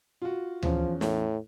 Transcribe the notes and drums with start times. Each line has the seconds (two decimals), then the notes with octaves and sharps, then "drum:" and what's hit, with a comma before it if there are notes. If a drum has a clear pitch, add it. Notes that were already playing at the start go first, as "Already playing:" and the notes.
0.22 F4 F#4
0.63 E2 F3 C#4, drum: tom D2
1.01 A2, drum: snare